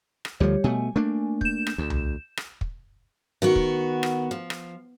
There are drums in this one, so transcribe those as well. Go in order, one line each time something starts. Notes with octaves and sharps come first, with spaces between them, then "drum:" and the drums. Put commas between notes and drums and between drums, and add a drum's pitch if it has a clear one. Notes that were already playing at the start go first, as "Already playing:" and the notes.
drum: rim click
D2 D3 F3 G3 G4 C#5
B2 A3 G#5
A3 A#3 D4
G6 E7, drum: kick
drum: rim click
D2
drum: tom C2
drum: rim click
drum: kick
D#3 B3 F#4
drum: kick
drum: rim click
F3
drum: rim click